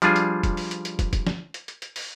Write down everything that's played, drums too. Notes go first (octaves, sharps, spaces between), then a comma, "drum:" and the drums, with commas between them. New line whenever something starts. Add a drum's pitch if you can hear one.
F3 G3 D4 F4 G#4, drum: hi-hat
drum: hi-hat
drum: kick, hi-hat
drum: open hi-hat
drum: hi-hat
drum: hi-hat
drum: kick, hi-hat
drum: kick, hi-hat
drum: snare F3
drum: hi-hat
drum: hi-hat
drum: hi-hat
drum: open hi-hat